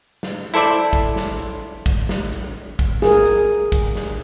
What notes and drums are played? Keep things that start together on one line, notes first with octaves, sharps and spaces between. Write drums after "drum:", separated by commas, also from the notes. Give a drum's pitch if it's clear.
drum: snare
E4 A4 C5 D5 E5
drum: kick, hi-hat
drum: snare
drum: hi-hat
drum: kick, hi-hat
drum: snare
drum: hi-hat
drum: kick, hi-hat
G#4 A#4, drum: snare
drum: hi-hat
drum: kick, hi-hat
drum: snare